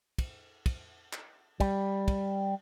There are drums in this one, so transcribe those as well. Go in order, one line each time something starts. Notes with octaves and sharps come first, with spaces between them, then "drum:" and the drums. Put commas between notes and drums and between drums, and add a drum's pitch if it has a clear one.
drum: kick, cymbal
drum: kick, cymbal
drum: clap
G3, drum: kick, cymbal
drum: kick, cymbal